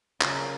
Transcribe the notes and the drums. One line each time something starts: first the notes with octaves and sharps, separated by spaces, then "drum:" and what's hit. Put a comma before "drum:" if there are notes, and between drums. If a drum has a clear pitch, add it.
A#2 C#3 F#3 A#3 C#4, drum: clap